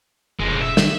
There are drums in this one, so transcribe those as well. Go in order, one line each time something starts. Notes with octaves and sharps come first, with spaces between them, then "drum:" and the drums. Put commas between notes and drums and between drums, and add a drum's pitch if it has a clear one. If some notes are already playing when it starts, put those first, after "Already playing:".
E1 A#2 G#3
E5
D#3, drum: snare